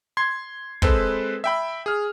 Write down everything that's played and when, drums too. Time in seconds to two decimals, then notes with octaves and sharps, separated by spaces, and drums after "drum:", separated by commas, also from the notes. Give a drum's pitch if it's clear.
0.17 C6 G#6 C7
0.82 G#3 C4 A4 B4 C5, drum: kick
1.44 E5 G5 B5
1.86 G#4 F6